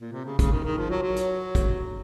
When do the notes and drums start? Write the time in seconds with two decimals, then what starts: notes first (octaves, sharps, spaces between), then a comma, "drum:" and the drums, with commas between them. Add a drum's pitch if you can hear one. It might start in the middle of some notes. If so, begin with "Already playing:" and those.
0.01 A#2
0.13 C3
0.25 C#3
0.39 C#3, drum: kick, hi-hat
0.52 D#3
0.64 D#3
0.78 F3
0.91 F#3
1.03 F#3
1.16 drum: hi-hat
1.55 drum: kick, hi-hat